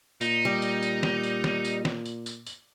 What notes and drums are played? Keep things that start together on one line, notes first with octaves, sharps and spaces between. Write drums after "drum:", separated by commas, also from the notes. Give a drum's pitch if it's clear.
A#2 D#4, drum: tambourine
G3
drum: tambourine
drum: tambourine
drum: snare
drum: tambourine
drum: snare
drum: tambourine
drum: snare
drum: tambourine
drum: tambourine
drum: tambourine